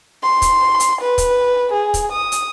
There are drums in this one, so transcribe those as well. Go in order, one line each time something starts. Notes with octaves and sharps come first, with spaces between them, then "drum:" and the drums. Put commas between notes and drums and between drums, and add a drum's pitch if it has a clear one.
C6
drum: kick, hi-hat
drum: hi-hat
B4
drum: kick, hi-hat
G#4
drum: kick, hi-hat
D#6
drum: hi-hat